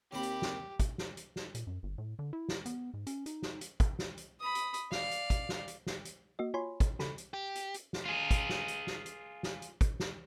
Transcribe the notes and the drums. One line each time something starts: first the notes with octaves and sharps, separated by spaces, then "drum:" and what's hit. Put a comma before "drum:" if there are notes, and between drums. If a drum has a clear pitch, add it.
D#2 C4 G4 B5
drum: hi-hat
drum: snare
drum: kick, hi-hat
drum: snare
drum: hi-hat
drum: snare
A#2, drum: hi-hat
F#2
G1
A2
D3
E4
drum: snare
B3, drum: hi-hat
G#2
C#4, drum: hi-hat
D#4, drum: hi-hat
drum: snare
drum: hi-hat
drum: kick, hi-hat
drum: snare
drum: hi-hat
B5 D#6
drum: hi-hat
drum: hi-hat
D5 F5, drum: snare
drum: hi-hat
drum: kick, hi-hat
drum: snare
drum: hi-hat
drum: snare
drum: hi-hat
A#3 F#4 D#5
F4 C#5 G#5 B5 C6
drum: kick, hi-hat
C#3 A4 B5, drum: snare
drum: hi-hat
G4
drum: hi-hat
drum: hi-hat
drum: snare
F4 G#4
drum: kick, hi-hat
drum: snare
drum: hi-hat
drum: snare
drum: hi-hat
drum: snare
drum: hi-hat
drum: kick, hi-hat
drum: snare